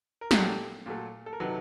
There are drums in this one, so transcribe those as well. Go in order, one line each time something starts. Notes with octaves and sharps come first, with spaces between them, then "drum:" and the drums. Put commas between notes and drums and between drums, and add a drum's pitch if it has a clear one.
A#4
A#2 F#3 A#3 G4 A4, drum: snare
A#2 F#3 A3
A4
A#4
C3 D#3 F#3 A4 B4